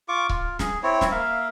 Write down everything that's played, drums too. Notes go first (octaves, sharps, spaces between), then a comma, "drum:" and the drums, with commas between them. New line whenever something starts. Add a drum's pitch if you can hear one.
F4 C#6 D6
F4, drum: kick C#1
G#4, drum: snare
C4 E4 C#5
drum: snare
A#3 E5 F5